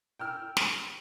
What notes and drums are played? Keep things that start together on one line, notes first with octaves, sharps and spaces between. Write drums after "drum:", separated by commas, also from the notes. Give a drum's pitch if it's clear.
G5 E6 F6
drum: snare